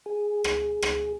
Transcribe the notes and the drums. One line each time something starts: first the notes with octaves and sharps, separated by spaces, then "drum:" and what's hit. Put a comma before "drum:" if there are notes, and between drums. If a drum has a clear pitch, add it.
G#4
drum: rim click
drum: rim click